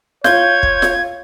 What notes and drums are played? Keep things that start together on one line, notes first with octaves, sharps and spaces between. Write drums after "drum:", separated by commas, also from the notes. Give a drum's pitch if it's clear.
F4 C#5 G6 G#6, drum: snare F4
drum: kick
drum: snare F4